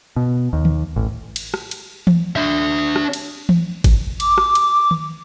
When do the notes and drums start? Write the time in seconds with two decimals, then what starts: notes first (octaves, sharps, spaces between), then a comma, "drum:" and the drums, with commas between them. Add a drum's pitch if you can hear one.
0.16 B2
0.53 D#2
0.65 drum: tom D#3
0.96 A1
1.36 drum: cymbal
1.54 drum: rim click
1.71 drum: cymbal
2.07 drum: tom E3
2.36 D4 E5
2.96 drum: rim click
3.13 drum: cymbal
3.49 drum: tom E3
3.84 drum: kick G#1, cymbal
4.20 D6, drum: cymbal
4.38 drum: rim click
4.55 drum: cymbal
4.91 drum: tom D#3